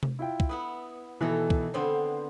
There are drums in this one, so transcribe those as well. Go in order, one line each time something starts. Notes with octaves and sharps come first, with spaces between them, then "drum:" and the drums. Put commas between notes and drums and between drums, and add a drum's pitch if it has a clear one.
drum: tom C3
E4 F4 G5
drum: kick
B3 E4 B4 D#6
B2 D#3 E3 D#4 A4
drum: kick
D3 B3 C4 C5 G5 C6